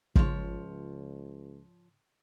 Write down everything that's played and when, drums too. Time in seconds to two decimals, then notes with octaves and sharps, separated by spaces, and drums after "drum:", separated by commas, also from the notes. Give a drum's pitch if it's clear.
0.16 C#2 G#2 C#3 F3 C#5, drum: kick